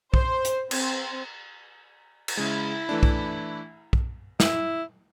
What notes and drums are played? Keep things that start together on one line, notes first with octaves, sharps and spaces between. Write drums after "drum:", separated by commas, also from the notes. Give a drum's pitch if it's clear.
C5, drum: kick
drum: hi-hat
C4, drum: cymbal
drum: cymbal
C#3 G#3 E4
E3 A3 D4
drum: kick
drum: kick
E4, drum: snare